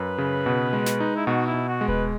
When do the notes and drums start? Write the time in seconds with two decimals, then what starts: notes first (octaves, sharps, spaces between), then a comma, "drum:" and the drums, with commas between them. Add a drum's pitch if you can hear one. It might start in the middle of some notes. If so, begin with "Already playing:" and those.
Already playing: F#2 B4
0.18 C#3
0.46 B2
0.73 G#3
0.86 drum: snare
1.00 D#4
1.16 E4
1.27 B2 F#4
1.47 E4
1.54 B2
1.68 F#4
1.81 G#3
1.88 B4, drum: kick D1